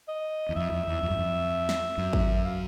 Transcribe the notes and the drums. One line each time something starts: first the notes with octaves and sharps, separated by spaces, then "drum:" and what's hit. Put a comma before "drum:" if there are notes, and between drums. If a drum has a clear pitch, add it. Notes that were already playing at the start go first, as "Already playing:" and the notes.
D#5
E2
F2 E5
F2
E2
F2
F#2
F2
drum: snare
F#2
drum: kick G#1
F5